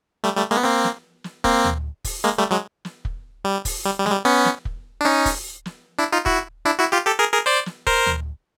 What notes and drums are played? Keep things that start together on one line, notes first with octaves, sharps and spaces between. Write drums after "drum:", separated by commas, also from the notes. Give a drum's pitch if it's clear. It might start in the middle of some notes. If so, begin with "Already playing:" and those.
G3 A3
G3 A3
G#3 A#3
B3
A#3 C4
drum: snare
drum: snare
A#3 C4, drum: kick
drum: tom
drum: kick, open hi-hat
G#3 A#3
G3 A3
F#3 G#3
drum: snare
drum: kick
G3
drum: kick, open hi-hat
G3
G3
G#3, drum: snare
G3
B3 C#4
drum: snare
drum: kick
D4
C#4 D#4
drum: kick, open hi-hat
drum: snare
D4 E4
D#4 F4
E4 F#4, drum: kick
D4 E4
E4 F#4
F4 G4
G4 A4
G#4 A#4
G#4 A#4
C5 D5
drum: snare
A#4 C5, drum: kick
drum: tom